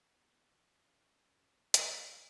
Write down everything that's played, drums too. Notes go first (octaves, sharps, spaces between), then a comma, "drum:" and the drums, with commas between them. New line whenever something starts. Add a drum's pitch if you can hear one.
B3
F3
C#4
drum: hi-hat
C2